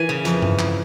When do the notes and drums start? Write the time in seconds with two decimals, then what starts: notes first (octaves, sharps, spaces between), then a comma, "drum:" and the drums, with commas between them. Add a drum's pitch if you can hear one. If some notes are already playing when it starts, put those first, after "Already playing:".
Already playing: E3 G#5
0.09 C#3
0.25 F2, drum: hi-hat
0.42 drum: tom G2
0.59 drum: clap